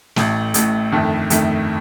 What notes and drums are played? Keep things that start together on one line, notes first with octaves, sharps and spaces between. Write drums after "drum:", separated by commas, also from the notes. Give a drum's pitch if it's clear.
A1 A2 A3, drum: snare
A1 A2 A3, drum: hi-hat
G1 F2 D#3 A3
G1 F2 D#3 A3, drum: hi-hat